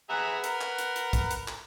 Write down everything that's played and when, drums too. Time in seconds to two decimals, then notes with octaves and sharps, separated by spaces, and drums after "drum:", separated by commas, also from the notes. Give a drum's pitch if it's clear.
0.10 G#4 B4 E5 F#5 A#5 B5
0.44 A#4, drum: hi-hat
0.61 drum: clap
0.78 drum: hi-hat
0.96 drum: hi-hat
1.13 drum: kick, hi-hat
1.31 drum: hi-hat
1.48 drum: clap